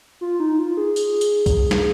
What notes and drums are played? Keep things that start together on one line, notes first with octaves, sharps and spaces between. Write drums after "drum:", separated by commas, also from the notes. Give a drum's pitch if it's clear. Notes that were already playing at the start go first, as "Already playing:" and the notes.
F4
D#4
F4
G#4
drum: tambourine
drum: tambourine
drum: kick, tambourine
drum: snare